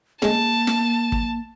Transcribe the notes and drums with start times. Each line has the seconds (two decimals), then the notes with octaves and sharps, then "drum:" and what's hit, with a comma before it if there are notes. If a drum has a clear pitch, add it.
0.22 C#3 G#3 A#3 A5, drum: snare
0.67 drum: snare
1.12 drum: kick